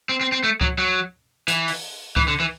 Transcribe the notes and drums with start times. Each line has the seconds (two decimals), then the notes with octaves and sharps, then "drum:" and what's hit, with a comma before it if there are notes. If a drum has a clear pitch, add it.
0.09 C4
0.21 C4
0.32 C4
0.44 A3
0.61 F#3, drum: kick C#2
0.78 F#3
1.48 E3, drum: hi-hat
1.68 drum: open hi-hat
2.16 E3, drum: kick C#2
2.28 D3
2.40 E3